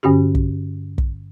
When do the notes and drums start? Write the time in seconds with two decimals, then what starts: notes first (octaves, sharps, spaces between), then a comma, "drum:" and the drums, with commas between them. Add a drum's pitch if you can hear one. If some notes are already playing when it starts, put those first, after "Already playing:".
0.03 G2 D3 C#4 F#4 G4
0.35 drum: kick
0.98 drum: kick